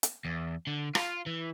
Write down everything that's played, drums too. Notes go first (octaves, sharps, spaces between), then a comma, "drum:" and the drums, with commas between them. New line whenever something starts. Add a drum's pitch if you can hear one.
drum: hi-hat
E2
D3
F4, drum: rim click
E3